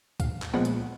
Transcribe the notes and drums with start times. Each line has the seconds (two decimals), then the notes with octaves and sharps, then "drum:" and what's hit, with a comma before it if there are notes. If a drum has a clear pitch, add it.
0.20 A#1 F5, drum: kick C2, hi-hat
0.42 drum: clap
0.54 A#2 F3 G#3 B3 F#5
0.65 drum: hi-hat